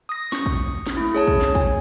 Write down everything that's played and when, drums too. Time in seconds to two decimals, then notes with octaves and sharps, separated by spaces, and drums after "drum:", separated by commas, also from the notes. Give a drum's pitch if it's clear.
0.09 D#6 A#6
0.32 C#6 D#6, drum: snare
0.46 drum: kick
0.87 drum: snare
0.97 A3 E4
1.14 G#4 C#5 A5
1.27 drum: kick
1.41 drum: snare
1.55 G#5, drum: kick